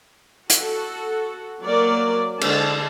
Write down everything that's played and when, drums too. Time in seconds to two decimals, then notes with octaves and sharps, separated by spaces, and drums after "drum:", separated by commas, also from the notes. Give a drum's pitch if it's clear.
0.50 F#4 A4, drum: hi-hat
1.63 F#3 A#3 A#4 D5
2.41 D3 G#3 A5, drum: cymbal